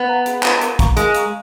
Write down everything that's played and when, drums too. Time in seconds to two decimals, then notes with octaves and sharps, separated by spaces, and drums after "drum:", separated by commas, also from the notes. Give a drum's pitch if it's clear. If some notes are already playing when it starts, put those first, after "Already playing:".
Already playing: B3
0.08 B4 F5 A#5
0.26 G#4, drum: hi-hat
0.43 B4 F5 A#5, drum: clap
0.61 A#4, drum: hi-hat
0.79 F5 A#5 C#6, drum: kick, hi-hat
0.97 G#3 A#4, drum: hi-hat
1.14 F5 A#5 C#6, drum: hi-hat